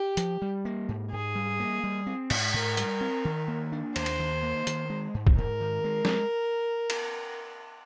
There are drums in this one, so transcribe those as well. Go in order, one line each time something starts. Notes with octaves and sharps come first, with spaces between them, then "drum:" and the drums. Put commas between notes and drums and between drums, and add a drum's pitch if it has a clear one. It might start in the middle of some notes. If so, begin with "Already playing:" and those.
Already playing: G4
F3, drum: hi-hat
G3
A#3
G#2
G#2 G#4
G3
A#3
G3
C4
G#2, drum: cymbal
G#2 A#4
G3, drum: hi-hat
C4
D#3
A#3
D4
D#2 C5, drum: cymbal
drum: cymbal
D#3
A#3
D#3, drum: hi-hat
G#3
G#2
drum: kick
G#2 A#4
D#3
G#3
drum: snare
drum: cymbal